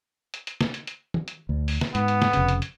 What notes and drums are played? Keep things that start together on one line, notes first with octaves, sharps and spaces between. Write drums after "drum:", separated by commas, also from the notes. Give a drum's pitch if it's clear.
drum: hi-hat
drum: hi-hat
drum: snare
drum: hi-hat
drum: hi-hat
drum: tom
drum: hi-hat
D2
drum: open hi-hat
drum: snare
G#2 B3, drum: hi-hat
drum: hi-hat
drum: snare
F1 C#3, drum: hi-hat
drum: hi-hat
drum: hi-hat